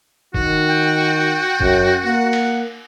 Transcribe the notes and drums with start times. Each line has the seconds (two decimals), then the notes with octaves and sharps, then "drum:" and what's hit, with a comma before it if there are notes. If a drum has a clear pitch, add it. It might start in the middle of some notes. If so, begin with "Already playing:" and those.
0.34 D#3 F#4, drum: kick F#1
0.68 G5
1.60 F#2, drum: kick F#1
2.04 A#3 F#5
2.33 drum: cymbal